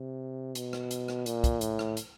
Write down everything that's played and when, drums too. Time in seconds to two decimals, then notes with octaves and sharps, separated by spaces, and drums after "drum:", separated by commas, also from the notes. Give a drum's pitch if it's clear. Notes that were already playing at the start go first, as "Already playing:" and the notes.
Already playing: C3
0.55 B2, drum: hi-hat
0.73 drum: rim click
0.91 drum: hi-hat
1.08 drum: rim click
1.26 A#2, drum: hi-hat
1.44 drum: kick, hi-hat
1.61 A2, drum: hi-hat
1.79 drum: rim click
1.97 drum: hi-hat